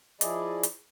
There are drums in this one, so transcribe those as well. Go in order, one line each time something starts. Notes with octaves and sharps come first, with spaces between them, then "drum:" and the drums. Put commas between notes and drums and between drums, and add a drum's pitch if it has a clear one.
F3 E4 G#4 D5 D#5, drum: hi-hat
drum: hi-hat